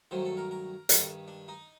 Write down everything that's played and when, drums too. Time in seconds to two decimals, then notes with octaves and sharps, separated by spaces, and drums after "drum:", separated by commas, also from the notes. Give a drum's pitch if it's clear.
0.11 G2 D#3 F#3 A3 C5
0.25 A4
0.37 A#4
0.51 A#4
0.89 G2 D#3 G3 A4, drum: hi-hat
1.28 D4
1.48 D#4